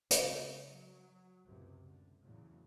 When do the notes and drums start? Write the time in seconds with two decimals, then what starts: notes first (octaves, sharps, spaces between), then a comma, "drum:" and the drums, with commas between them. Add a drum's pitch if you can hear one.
0.11 C#3 G#3, drum: hi-hat
0.64 F#3
1.46 C#2 F#2 A2 C3
1.84 D3
2.22 E2 A2 C#3 F#3